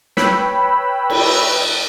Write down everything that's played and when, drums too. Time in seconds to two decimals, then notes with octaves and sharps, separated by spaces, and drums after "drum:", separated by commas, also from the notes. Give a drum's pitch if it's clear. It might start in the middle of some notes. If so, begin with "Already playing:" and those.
0.17 B4 C#5 G5 B5 E6, drum: snare
1.10 drum: cymbal